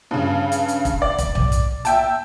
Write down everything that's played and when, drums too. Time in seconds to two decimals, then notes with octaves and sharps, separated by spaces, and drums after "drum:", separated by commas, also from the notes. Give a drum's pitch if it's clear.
0.11 G2 C#3
0.52 drum: hi-hat
0.68 drum: hi-hat
0.85 drum: kick, hi-hat
1.02 D5
1.18 drum: kick, hi-hat
1.35 drum: tom B1
1.52 drum: hi-hat
1.85 E5 G5 A5, drum: hi-hat